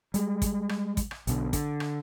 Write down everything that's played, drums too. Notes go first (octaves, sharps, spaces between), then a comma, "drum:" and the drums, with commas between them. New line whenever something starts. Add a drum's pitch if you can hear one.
G3 G#3, drum: hi-hat
drum: kick, hi-hat
drum: rim click
drum: kick, hi-hat
drum: rim click
B1 B2 D3, drum: hi-hat
D3, drum: kick, hi-hat
drum: rim click